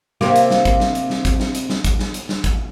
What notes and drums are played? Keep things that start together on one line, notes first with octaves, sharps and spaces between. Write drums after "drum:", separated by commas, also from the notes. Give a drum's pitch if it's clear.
C3 A#3 G4, drum: snare
drum: hi-hat
drum: snare
drum: kick, hi-hat
drum: snare
drum: hi-hat
drum: snare
drum: kick, hi-hat
drum: snare
drum: hi-hat
drum: snare
drum: kick, hi-hat
drum: snare
drum: hi-hat
drum: snare
drum: kick, hi-hat